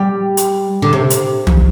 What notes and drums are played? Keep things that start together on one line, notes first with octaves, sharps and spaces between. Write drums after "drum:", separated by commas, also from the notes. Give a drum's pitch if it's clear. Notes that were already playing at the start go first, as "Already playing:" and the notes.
Already playing: G3
drum: hi-hat
D3
C3
drum: hi-hat
drum: tom